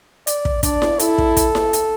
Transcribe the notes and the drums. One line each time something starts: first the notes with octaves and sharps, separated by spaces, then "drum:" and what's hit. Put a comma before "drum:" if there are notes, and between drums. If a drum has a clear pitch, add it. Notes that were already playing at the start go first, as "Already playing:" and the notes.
D5, drum: hi-hat
drum: kick
D4 D5, drum: kick, hi-hat
drum: snare E4
E4 A4, drum: hi-hat
drum: kick
drum: kick, hi-hat
drum: snare E4
drum: hi-hat